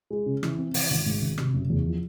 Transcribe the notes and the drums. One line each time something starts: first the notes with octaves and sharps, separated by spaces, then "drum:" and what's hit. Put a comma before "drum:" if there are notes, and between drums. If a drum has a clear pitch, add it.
G#3
C#3
E3, drum: rim click
C4
E3, drum: open hi-hat
G#1
G#2
G#1
C3, drum: rim click
F#1
E2
F3